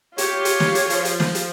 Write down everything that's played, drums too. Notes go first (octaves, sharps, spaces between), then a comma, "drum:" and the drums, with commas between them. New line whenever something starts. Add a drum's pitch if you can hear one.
F4 G4 C#5, drum: hi-hat
drum: hi-hat
drum: snare
drum: hi-hat
F3, drum: hi-hat
drum: hi-hat
drum: snare
drum: hi-hat